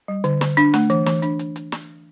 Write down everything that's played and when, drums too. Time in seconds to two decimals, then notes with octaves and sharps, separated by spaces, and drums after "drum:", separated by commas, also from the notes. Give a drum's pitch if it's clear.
0.08 G3
0.24 D3, drum: hi-hat
0.41 D3, drum: snare
0.57 D4, drum: hi-hat
0.74 A3, drum: snare
0.90 E3, drum: hi-hat
1.06 E3, drum: snare
1.22 D4, drum: hi-hat
1.39 drum: hi-hat
1.56 drum: hi-hat
1.72 drum: snare